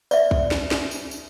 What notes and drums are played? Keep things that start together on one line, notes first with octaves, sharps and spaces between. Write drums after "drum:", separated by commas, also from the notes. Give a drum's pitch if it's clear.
D5 E5, drum: tambourine
drum: kick
drum: snare
drum: snare
drum: tambourine
drum: tambourine